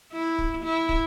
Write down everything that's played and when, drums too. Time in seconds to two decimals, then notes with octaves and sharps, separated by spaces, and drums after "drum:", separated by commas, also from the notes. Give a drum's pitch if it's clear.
0.13 E4
0.39 drum: kick
0.64 E4
0.89 drum: kick